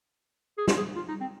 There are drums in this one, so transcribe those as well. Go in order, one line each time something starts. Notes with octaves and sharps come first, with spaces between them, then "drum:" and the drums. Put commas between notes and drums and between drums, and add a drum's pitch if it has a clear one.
G#4
F4, drum: snare
G#4
F4
D#4
C4